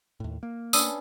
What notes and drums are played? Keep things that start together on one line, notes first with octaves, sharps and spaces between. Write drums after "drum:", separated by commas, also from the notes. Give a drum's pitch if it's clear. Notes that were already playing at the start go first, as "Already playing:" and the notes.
D#2 A2
A#3
B3 C#4 D4 D#6 E6 D#7, drum: tambourine